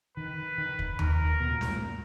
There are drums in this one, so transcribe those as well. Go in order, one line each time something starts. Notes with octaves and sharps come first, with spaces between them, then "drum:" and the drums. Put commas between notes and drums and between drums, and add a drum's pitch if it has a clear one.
D#3 B4
D#3
drum: kick
D#3 A#4, drum: tom D#2
B2
A#2
G#2, drum: snare
A#2